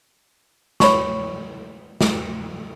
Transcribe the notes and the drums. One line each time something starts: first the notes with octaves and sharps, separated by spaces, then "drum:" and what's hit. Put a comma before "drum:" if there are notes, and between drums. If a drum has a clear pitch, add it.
C#5 B5 C#6, drum: snare
drum: snare